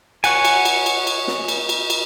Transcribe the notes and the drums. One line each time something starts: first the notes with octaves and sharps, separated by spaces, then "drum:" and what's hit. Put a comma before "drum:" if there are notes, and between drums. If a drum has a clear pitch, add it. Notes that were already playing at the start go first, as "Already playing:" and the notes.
C#5 F#5 G#5, drum: cymbal
drum: cymbal
drum: cymbal
drum: cymbal
drum: cymbal
drum: snare
drum: cymbal
drum: cymbal
drum: cymbal